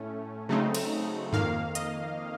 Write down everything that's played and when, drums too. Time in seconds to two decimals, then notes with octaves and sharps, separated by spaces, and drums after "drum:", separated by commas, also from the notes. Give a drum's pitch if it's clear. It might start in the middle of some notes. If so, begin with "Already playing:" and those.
Already playing: A2 A3 C#4
0.49 C#3 F#3 A3 C4 D#4
0.74 drum: cymbal
1.33 F2 D#3 A#3 F5, drum: tom G2
1.75 D#5, drum: hi-hat